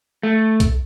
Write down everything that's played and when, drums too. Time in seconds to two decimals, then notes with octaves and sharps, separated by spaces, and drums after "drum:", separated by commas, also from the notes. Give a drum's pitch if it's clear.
0.23 A3
0.60 drum: kick B1, hi-hat